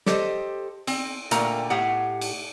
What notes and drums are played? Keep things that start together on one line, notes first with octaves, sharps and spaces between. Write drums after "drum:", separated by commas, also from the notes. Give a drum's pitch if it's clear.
G4 A4 C5 D#5, drum: snare
C4, drum: cymbal
A#2 D3 A3 A#4 G5 A#5, drum: hi-hat
A2 G4 F#5
drum: cymbal